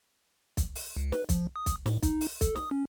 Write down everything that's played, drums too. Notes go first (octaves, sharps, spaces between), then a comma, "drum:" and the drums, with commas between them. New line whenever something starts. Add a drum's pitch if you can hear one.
drum: kick, hi-hat
drum: open hi-hat
C#2
B4, drum: snare
F3, drum: kick, hi-hat
D#6
drum: kick, hi-hat
A2, drum: snare
D#4, drum: kick, hi-hat
drum: open hi-hat
A4, drum: kick, hi-hat
D#6, drum: snare
C#4